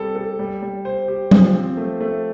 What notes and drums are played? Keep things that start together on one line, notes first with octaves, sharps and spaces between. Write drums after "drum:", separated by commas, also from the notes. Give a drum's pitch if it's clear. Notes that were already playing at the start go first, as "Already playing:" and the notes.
Already playing: G3 C4 A4
A4
G3
G3
C5
G4
F3, drum: tom F#3
C4
A3
A3